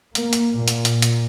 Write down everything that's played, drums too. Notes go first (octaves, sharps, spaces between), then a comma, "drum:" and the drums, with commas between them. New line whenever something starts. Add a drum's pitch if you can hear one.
A#3, drum: hi-hat
drum: hi-hat
A#2
drum: hi-hat
drum: hi-hat
drum: hi-hat